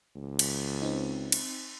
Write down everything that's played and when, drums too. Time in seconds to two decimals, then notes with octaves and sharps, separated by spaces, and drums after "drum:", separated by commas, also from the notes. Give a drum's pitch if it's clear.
0.16 C#2
0.39 drum: cymbal
0.81 C4 D#4
1.32 drum: cymbal